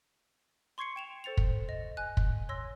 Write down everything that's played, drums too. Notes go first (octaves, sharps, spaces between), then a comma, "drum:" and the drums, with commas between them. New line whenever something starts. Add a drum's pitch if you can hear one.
C6 C#6 G#6 C7 C#7
G5 E7 F7
A4 C5 A6 C#7 F7
drum: kick
D#5
G#5 F#6
drum: kick
C#5 C6 E6 A#6